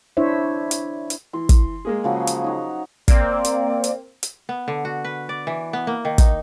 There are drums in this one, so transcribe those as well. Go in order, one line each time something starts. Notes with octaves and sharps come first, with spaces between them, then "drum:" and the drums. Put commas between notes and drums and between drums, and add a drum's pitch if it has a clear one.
D4 E4 C5 C#5 E5
drum: hi-hat
drum: hi-hat
E3 C6
drum: kick, hi-hat
G#3 A#3 G#4
C#3 F3 F#3
drum: hi-hat
D#4 C#5 F#5
A#3 C4 D5, drum: kick, hi-hat
drum: hi-hat
drum: hi-hat
drum: hi-hat
B3
D3
F#4
B4
D5
E3
B3
A#3
D#3
D#4, drum: kick, hi-hat